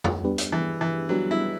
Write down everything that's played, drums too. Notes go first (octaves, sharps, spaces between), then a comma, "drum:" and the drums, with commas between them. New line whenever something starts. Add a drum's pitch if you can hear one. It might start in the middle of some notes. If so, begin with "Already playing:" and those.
drum: tom F2
G3 B3 D4 G4 B4
drum: hi-hat
E3
E3
F#3 G3 B3 D4 G4 B4
E4